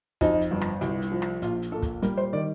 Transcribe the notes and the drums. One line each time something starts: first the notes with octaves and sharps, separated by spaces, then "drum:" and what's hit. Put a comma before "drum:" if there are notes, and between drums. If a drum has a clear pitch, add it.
F2 D#4, drum: kick, hi-hat
drum: hi-hat
G1
drum: rim click
C2, drum: hi-hat
drum: hi-hat
F3
drum: rim click
A#1 F4, drum: hi-hat
drum: hi-hat
A#2 A4
drum: kick, hi-hat
G3 A#4, drum: hi-hat
C5
D#3 D5